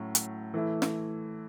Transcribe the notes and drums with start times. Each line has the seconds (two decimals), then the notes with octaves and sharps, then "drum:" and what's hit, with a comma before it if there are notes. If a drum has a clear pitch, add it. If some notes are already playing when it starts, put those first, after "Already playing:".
Already playing: A2 F#3 C#4
0.15 drum: hi-hat
0.54 E3 A3 E4
0.82 drum: snare